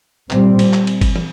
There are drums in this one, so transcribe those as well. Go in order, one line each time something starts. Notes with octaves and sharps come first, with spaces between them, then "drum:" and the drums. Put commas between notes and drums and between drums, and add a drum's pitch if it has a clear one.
A#2 G3 C4, drum: clap
drum: cymbal
drum: clap
drum: cymbal
drum: kick G1, cymbal
drum: tom